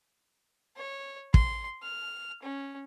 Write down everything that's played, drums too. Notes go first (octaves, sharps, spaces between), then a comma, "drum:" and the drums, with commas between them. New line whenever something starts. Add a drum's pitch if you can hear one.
C#5
C6, drum: kick
F6
C#4